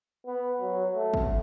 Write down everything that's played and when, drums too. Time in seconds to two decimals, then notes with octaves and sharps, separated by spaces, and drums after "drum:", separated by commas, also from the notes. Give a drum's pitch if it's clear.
0.26 B3
0.61 F#3
0.96 A3
1.14 drum: kick